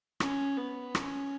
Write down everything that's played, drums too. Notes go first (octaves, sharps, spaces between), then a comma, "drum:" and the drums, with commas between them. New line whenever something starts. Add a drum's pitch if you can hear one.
C#4, drum: rim click
B3
C#4, drum: rim click